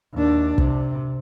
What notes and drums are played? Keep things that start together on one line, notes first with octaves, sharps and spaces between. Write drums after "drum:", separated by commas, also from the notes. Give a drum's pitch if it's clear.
D#2 D4
C3, drum: kick